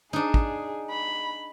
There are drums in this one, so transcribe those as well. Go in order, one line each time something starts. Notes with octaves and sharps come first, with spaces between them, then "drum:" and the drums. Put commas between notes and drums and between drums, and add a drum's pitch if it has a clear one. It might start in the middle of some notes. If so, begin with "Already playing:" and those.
D4 D#4 G#4
drum: kick
B5